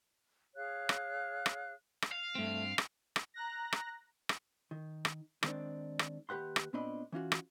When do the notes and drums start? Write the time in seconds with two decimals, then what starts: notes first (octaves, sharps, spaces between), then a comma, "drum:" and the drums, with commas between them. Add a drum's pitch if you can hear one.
0.56 G#4 C#5 F5 F#6
0.89 drum: rim click
1.46 drum: rim click
2.02 drum: rim click
2.11 F5
2.35 G2 A3 C4
2.78 drum: rim click
3.16 drum: rim click
3.34 A#5 F#6 A#6
3.72 drum: rim click
4.29 drum: rim click
4.71 D#3
5.05 drum: rim click
5.43 D#3 G#3 C4 D4, drum: rim click
5.99 drum: rim click
6.29 D#2 G4 B4 F#5 C6
6.56 drum: rim click
6.73 A#2 B3 C4 D4 D#5 B5
7.12 E3 C#4 F4 F#4
7.32 drum: rim click